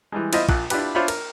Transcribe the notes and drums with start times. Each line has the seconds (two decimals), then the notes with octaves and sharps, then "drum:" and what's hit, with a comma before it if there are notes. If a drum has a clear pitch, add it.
0.12 E3 G3 G#3
0.33 E4 F4 C5 D#5 E5, drum: cymbal
0.49 A#1 A#2 F#6, drum: kick
0.70 D4 E4 F4 G4 B4, drum: cymbal
0.95 D4 F4 C5 C#5 E5 B5
1.08 A#4, drum: cymbal